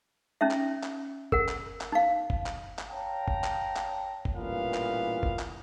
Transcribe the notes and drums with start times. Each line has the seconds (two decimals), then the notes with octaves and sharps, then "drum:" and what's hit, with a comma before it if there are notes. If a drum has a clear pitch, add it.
0.41 C#4 D#4 E5
0.51 drum: clap
0.83 drum: clap
1.32 A#4 F#5, drum: kick F#1
1.49 drum: clap
1.81 drum: clap
1.92 D#4 F5
2.30 drum: kick F#1
2.46 drum: clap
2.79 drum: clap
2.90 C#5 F5 G5 A5 A#5
3.28 drum: kick F#1
3.44 drum: clap
3.76 drum: clap
4.25 drum: kick F#1
4.34 A1 G2 A#2 E3 B3 F5
4.74 drum: clap
5.23 drum: kick F#1
5.39 drum: clap